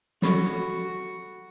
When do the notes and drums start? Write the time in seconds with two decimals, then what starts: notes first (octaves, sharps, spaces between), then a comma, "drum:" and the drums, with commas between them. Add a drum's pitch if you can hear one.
0.22 F#4 A4 B5 C#6, drum: snare